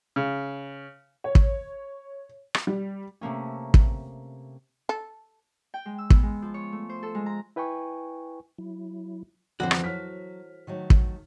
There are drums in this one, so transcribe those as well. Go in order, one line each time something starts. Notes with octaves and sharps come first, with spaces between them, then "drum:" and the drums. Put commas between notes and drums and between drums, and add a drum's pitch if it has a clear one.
C#3
C#5
drum: kick
drum: rim click
G3
C3 A3 A#3 C#4
drum: kick
A4
G5
G#3
E6
B3, drum: kick
G#3
F3
C#5
A3
C5
A4
G#3
A#5
E4 B4 G5 G#5 C#6
F#3 E4
F2 D3 E3 C4 F#4 A4 C5
drum: rim click
F#3 F6 B6
D#3 F#3 A3
drum: kick